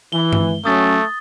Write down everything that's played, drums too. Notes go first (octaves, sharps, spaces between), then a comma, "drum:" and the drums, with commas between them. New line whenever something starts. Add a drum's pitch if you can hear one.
E3 G7
drum: tom
F#3 A3 C#4 D#6 A6